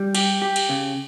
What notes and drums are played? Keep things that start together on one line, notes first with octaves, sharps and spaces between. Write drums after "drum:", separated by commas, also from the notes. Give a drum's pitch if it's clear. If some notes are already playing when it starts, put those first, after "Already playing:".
Already playing: G3
G4, drum: cymbal
G4
drum: cymbal
C#3